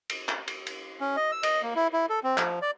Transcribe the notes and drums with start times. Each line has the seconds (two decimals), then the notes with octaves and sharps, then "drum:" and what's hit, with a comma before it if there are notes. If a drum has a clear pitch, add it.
0.10 drum: cymbal
0.29 drum: clap
0.48 drum: cymbal
0.67 drum: cymbal
1.01 C#4
1.16 D#5
1.32 E6
1.43 D#5, drum: cymbal
1.63 A#3
1.76 E4
1.93 E4
2.10 A4
2.24 C4
2.38 F3, drum: clap
2.62 D5